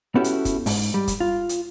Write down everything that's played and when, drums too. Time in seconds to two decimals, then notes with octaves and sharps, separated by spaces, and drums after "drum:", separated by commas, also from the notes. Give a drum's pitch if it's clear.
0.15 B3 C#4 E4 F#4 G4 A4
0.24 drum: hi-hat
0.45 drum: kick, hi-hat
0.66 G#2, drum: open hi-hat
0.94 G3
1.08 drum: kick, hi-hat
1.20 F4
1.49 drum: hi-hat